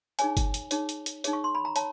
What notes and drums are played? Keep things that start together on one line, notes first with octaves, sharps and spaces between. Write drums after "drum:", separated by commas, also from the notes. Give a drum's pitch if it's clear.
D#4 G#4 C#5 G#5, drum: hi-hat
drum: kick G1, hi-hat
drum: hi-hat
D#4 G#4 C#5, drum: hi-hat
drum: hi-hat
drum: hi-hat
D#4 G#4 C#5, drum: hi-hat
C#6
C6
B5
A#5
C#5 A5, drum: hi-hat